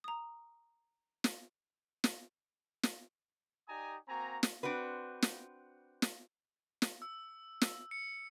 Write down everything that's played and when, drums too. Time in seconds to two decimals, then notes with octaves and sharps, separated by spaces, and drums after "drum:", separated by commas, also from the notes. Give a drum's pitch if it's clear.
0.04 A#5 D#6
1.24 drum: snare
2.04 drum: snare
2.83 drum: snare
3.69 D#4 G4 D5 G#5 A#5 D#6
4.08 A#3 C4 F#4 G#5 A#5
4.43 drum: snare
4.63 C4 D4 F#4 B4
5.22 drum: snare
6.02 drum: snare
6.82 drum: snare
7.02 E6
7.61 drum: snare
7.91 C#7